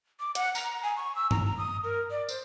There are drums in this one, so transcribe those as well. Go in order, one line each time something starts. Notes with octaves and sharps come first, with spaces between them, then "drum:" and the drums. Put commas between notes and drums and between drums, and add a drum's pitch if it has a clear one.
D6
F#5, drum: hi-hat
A#5, drum: tambourine
G#5
C#6
E6
A#5, drum: tom G2
A#5
D#6
A#4
D5
C5, drum: tambourine